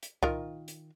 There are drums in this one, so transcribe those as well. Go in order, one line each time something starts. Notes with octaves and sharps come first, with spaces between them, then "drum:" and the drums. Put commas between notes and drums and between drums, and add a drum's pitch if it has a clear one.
drum: hi-hat
D#3 F4 A#4, drum: kick C2
drum: hi-hat